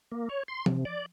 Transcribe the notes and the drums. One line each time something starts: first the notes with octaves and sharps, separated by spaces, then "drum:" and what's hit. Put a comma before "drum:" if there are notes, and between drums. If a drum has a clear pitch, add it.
A#3
C#5
C6
C3, drum: tom F3
D5